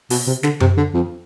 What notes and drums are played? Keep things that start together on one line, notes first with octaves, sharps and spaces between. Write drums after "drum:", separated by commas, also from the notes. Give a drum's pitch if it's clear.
B2, drum: open hi-hat
C3
D3, drum: snare
C3, drum: tom F#2
D3
F2